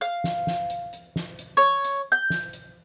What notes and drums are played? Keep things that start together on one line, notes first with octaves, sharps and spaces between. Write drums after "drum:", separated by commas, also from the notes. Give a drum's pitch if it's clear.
F5, drum: hi-hat
drum: snare
drum: snare
drum: hi-hat
drum: hi-hat
drum: snare
drum: hi-hat
C#5
drum: hi-hat
G6
drum: snare
drum: hi-hat